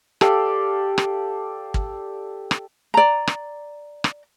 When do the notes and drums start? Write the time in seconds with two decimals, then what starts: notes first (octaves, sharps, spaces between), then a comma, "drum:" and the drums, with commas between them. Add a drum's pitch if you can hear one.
0.21 G4 A4 D5 F5, drum: rim click
0.98 drum: rim click
1.74 drum: kick
2.51 drum: rim click
2.94 D5 A#5
3.27 drum: rim click
4.04 drum: rim click